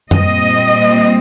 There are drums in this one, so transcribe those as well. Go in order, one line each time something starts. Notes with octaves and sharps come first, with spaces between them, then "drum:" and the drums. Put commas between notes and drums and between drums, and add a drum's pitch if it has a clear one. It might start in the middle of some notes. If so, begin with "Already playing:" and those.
A#2 G3 C4 D#5, drum: tom F#2